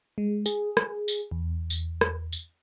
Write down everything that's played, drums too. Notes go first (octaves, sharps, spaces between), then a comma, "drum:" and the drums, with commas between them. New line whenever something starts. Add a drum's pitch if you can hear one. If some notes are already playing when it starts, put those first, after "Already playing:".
G#3
G#4, drum: tambourine
drum: rim click
drum: tambourine
E2
drum: tambourine
drum: rim click
drum: tambourine